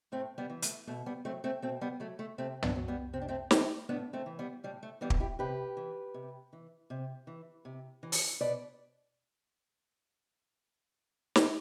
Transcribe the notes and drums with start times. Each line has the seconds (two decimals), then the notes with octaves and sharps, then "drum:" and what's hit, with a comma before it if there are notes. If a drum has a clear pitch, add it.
0.12 A2 A3 C4
0.38 G3 B3
0.50 E3
0.62 A3, drum: hi-hat
0.87 B2 A3
1.06 G3 B3
1.25 F#3 A3 C4
1.44 A3 C4
1.62 B2 A3 C4
1.81 G3 B3
2.00 F#3 A3
2.19 A3
2.38 C3 A3 C4
2.63 B3 D4, drum: tom
2.76 F#3
2.88 G3 B3
3.13 C3 C4
3.22 D4
3.28 A3 C4
3.51 F#3 A3 C4, drum: snare
3.89 A2 B3 D4
4.13 A3 C4
4.26 E3
4.39 G3 B3
4.64 A2 G3
4.83 A3
5.01 E3 G3 B3
5.10 drum: kick
5.20 E4 G4
5.39 C3 G4 B4
5.77 E3
6.14 C3
6.53 E3
6.90 C3
7.27 E3
7.65 C3
8.03 E3
8.12 drum: open hi-hat
8.40 B2 B4 D5
11.36 drum: snare